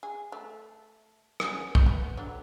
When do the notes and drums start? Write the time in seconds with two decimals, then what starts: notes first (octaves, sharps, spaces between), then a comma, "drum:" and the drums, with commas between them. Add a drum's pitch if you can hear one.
0.03 G#4
0.32 A3
1.40 C#3 B3 C#4, drum: rim click
1.75 drum: kick
1.86 B3
2.17 D3 F#3 G3